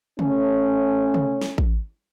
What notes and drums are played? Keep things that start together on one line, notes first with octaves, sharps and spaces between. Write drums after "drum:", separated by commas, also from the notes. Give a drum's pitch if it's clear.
A3 C#4, drum: tom
drum: tom
drum: snare
drum: kick A1